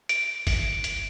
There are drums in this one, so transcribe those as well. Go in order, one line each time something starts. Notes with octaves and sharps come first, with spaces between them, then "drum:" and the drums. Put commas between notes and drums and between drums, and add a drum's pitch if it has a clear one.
D7, drum: hi-hat
drum: kick G1, open hi-hat
drum: hi-hat